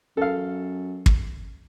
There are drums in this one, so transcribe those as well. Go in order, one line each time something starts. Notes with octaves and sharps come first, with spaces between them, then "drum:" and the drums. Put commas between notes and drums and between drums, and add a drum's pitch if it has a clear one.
F#2 A4 F5
drum: kick